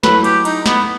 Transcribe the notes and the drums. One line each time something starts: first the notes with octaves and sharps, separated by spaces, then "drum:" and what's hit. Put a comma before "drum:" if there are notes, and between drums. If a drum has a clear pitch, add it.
F#3 A3 E4 A4 B4, drum: snare
G4, drum: cymbal
D#4, drum: cymbal
B3, drum: snare